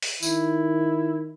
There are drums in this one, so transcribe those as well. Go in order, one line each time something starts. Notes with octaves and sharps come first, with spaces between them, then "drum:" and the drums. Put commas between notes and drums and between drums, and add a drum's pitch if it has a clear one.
drum: open hi-hat
D#3 E4, drum: tambourine